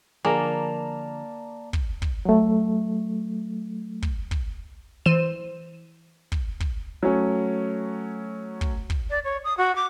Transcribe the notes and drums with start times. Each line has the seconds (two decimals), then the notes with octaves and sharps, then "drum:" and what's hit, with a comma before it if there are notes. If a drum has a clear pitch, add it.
0.25 D3 F3 A#3 G#4 D5 A5 A#5
1.73 drum: kick
2.02 drum: kick
2.25 F#3 A3
4.02 drum: kick
4.31 drum: kick
5.06 E3 C5 D#7 E7
6.32 drum: kick
6.60 drum: kick
7.03 F#3 A3 C#4
8.61 drum: kick
8.90 drum: kick
9.10 D5
9.24 C#5
9.44 D#6
9.57 F#4
9.76 D6